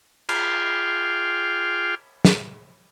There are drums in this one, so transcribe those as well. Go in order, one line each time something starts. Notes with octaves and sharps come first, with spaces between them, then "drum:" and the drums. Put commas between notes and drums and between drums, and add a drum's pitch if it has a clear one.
F4 G#4 G5 C6 D6 F6, drum: cymbal
drum: snare